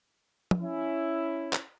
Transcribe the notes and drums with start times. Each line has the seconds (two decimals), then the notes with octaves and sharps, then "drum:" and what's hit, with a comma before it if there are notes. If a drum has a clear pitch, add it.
0.51 drum: tom F3
0.60 C#4 E4
1.53 drum: clap